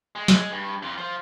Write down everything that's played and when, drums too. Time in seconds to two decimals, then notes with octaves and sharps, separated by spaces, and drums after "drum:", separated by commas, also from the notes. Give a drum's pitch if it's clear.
0.15 G#3
0.28 drum: snare
0.51 G2
0.83 F2 F4
0.98 C5 F5